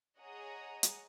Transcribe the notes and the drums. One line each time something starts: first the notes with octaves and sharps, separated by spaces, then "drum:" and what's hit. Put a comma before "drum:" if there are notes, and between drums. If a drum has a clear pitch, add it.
G#4 C#5 D#5 F#5 A#5 D#6
drum: hi-hat